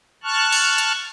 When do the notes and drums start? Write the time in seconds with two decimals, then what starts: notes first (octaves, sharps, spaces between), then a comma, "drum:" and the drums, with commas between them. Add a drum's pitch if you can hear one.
0.24 A5 C#6 F6 F#6
0.52 drum: cymbal
0.78 drum: hi-hat